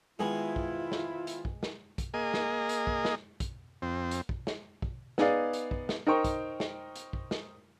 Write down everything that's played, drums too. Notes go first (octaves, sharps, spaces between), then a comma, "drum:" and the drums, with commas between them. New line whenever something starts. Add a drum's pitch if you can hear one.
G#2 D#3 G#3 B3 E4 F4 G#4 G#5
drum: kick
drum: snare
drum: hi-hat
drum: kick
drum: snare
drum: kick, hi-hat
A#3 G#4 D#5
drum: snare
drum: hi-hat
drum: kick
drum: snare
drum: kick, hi-hat
F2 C4
drum: hi-hat
drum: kick
drum: snare
drum: kick
B3 D#4 G#4 D5 F5, drum: snare
drum: hi-hat
drum: kick
drum: snare
D#4 A#4 C5 G5 C#6
drum: kick, hi-hat
drum: snare
drum: hi-hat
drum: kick
drum: snare